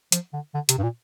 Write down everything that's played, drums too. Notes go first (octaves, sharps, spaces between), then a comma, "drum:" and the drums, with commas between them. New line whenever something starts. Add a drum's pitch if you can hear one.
F3, drum: hi-hat
D3
D3
C3, drum: hi-hat
G2
A#2